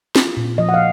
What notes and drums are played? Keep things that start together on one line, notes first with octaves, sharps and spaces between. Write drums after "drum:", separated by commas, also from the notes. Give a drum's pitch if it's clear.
F4, drum: snare
A#2
F3 D#5
F#5
F5